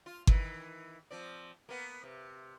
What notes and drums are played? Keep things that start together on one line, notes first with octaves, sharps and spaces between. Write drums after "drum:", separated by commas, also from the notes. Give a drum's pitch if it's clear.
F4
D#3 E3, drum: kick G1
F3 C4 D5
A#3 B3
C3